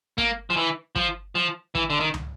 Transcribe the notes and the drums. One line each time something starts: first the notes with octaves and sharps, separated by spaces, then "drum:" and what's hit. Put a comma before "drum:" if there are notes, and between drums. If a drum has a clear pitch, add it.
A#3, drum: kick
F3
E3
F3, drum: kick
F3
E3, drum: kick
D3
D#3
drum: tom